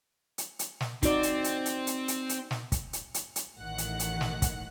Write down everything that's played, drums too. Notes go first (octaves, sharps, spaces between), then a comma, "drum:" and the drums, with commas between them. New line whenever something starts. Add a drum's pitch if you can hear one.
drum: hi-hat
drum: hi-hat
drum: snare
C4 D#4 F#4 D5, drum: kick, hi-hat
drum: hi-hat
drum: hi-hat
drum: hi-hat
drum: hi-hat
drum: hi-hat
drum: hi-hat
drum: snare
drum: kick, hi-hat
drum: hi-hat
drum: hi-hat
drum: hi-hat
A1 A2 D#3 F#5 F#6
drum: hi-hat
drum: hi-hat
drum: snare
drum: kick, hi-hat